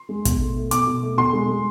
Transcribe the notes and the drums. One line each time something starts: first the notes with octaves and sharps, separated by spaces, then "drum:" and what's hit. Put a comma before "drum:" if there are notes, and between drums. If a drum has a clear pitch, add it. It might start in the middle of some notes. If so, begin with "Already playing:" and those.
Already playing: C6
G#3
B2, drum: kick, hi-hat
A3
A3
B2 D6, drum: hi-hat
B2
A3
B2 C6
G#3
G#3